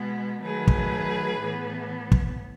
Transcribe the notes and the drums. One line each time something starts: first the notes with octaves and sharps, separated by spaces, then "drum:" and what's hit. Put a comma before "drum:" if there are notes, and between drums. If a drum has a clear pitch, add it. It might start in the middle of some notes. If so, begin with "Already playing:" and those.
Already playing: B2 G#3 B3
D#3 F#3 A3 G#4 B4
drum: kick
A2 E3 B3
drum: kick